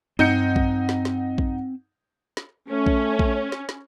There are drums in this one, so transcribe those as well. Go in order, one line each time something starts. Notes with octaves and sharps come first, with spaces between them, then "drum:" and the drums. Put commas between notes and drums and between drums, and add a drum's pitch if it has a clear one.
G2 C4 D#4 F#5 G6 C#7
drum: kick A#1
drum: snare
drum: snare
drum: kick A#1
drum: snare
A3 C#4
drum: kick A#1
drum: kick A#1
drum: snare
drum: snare